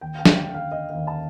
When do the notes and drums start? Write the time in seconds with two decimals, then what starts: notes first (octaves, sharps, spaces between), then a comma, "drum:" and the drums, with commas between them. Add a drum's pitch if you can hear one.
0.01 D#2 G5
0.15 F5
0.19 G5
0.25 D3, drum: snare
0.37 G5
0.48 D3
0.54 F5
0.71 D3 D#5
0.90 D#2 F5
1.07 A5